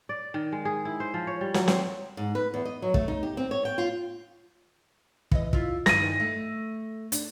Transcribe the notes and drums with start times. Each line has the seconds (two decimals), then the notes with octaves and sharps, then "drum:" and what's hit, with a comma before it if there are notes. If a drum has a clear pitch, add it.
0.09 D5
0.34 D#3
0.52 G#3
0.65 G#4
0.85 E4
1.00 C5
1.14 F3
1.27 C#5
1.41 G3
1.54 F#3, drum: snare
1.68 C4, drum: snare
2.17 G#2
2.35 B4
2.54 E2
2.65 D#5
2.82 F#3
2.94 A3, drum: kick
3.08 D#4
3.23 G4
3.37 C4
3.51 C#5
3.65 G5
3.78 F4
5.31 E3 D#5, drum: kick
5.53 E4 F4, drum: kick
5.86 G2 D#3 E3 A#6 D#7, drum: snare
6.20 A3
7.12 D4, drum: hi-hat